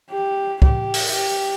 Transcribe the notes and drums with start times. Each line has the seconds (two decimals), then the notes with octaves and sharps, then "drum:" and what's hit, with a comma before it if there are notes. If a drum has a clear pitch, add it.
0.11 G4
0.62 G4, drum: kick
0.94 drum: open hi-hat
1.12 G4